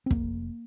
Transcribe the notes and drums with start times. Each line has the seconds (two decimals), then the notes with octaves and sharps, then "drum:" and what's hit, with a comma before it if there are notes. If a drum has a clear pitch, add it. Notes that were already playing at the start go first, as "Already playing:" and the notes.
0.06 C4
0.11 F1 A#3, drum: kick